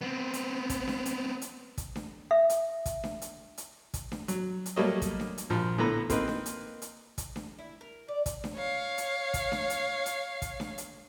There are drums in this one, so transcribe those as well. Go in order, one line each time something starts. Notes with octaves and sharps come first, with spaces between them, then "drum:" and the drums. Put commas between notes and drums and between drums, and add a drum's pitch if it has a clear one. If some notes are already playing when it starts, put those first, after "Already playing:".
B3 C4
drum: hi-hat
drum: kick, hi-hat
drum: snare D4
drum: hi-hat
drum: hi-hat
drum: kick, hi-hat
drum: snare D4
E5
drum: hi-hat
drum: kick, hi-hat
drum: snare D4
drum: hi-hat
drum: hi-hat
drum: kick, hi-hat
drum: snare D4
F#3, drum: hi-hat
drum: hi-hat
F#3 G3 A3 A#3 C#5 D#5
drum: kick, hi-hat
drum: snare D4
drum: hi-hat
A#1 F3
A2 D3 B3 B4 A#5
A#3 C4 D#4 B4, drum: kick, hi-hat
drum: snare D4
drum: hi-hat
drum: hi-hat
drum: kick, hi-hat
drum: snare D4
E4
A#4
D5
drum: kick, hi-hat
drum: snare D4
C#5 F5
drum: hi-hat
drum: kick, hi-hat
drum: snare D4
drum: hi-hat
drum: hi-hat
drum: kick, hi-hat
drum: snare D4
drum: hi-hat